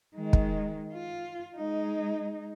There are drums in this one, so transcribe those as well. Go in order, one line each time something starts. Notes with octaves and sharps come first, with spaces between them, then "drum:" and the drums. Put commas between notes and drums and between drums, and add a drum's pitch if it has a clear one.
D#3 G#3
drum: kick
F4
G#3 D#4